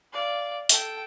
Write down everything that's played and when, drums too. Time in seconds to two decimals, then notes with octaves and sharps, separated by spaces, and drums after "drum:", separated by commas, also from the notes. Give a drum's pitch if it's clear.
0.13 D5 F5
0.69 A4 G5, drum: hi-hat